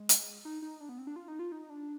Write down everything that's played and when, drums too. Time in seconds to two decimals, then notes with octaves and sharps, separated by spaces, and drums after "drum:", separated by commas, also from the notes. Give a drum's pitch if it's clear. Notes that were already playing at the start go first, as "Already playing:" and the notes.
Already playing: G#3
0.09 drum: hi-hat
0.45 D#4
0.62 D#4
0.81 D4
0.89 B3
0.98 C4
1.07 D4
1.16 F4
1.28 D#4
1.39 F4
1.52 D#4
1.70 D4